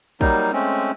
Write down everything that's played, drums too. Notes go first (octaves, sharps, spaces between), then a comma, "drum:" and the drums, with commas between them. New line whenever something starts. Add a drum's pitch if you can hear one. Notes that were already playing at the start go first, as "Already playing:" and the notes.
F#3 G3 A#3 D#4, drum: kick
G#3 A3 C4 C#4